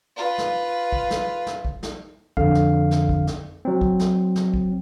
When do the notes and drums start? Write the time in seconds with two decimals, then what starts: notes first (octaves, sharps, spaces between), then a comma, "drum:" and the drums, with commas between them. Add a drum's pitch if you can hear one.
0.16 F4 B4
0.38 drum: snare
0.92 drum: kick
1.10 drum: snare
1.47 drum: snare
1.65 drum: kick
1.83 drum: snare
2.37 F2 D3 F5, drum: kick
2.55 drum: snare
2.91 drum: snare
3.09 drum: kick
3.27 drum: snare
3.65 F#3 C4
3.81 drum: kick
3.99 drum: snare
4.36 drum: snare
4.54 drum: kick